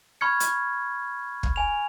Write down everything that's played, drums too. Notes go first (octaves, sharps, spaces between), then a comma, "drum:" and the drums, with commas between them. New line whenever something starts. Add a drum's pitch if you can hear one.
B5 C#6 F6 G#6 C#7
drum: hi-hat
drum: kick
G#5 F7